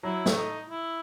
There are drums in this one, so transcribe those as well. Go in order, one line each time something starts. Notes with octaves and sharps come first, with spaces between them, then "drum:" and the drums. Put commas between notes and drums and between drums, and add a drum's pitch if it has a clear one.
F#3 E4
A3, drum: snare
D#4
E4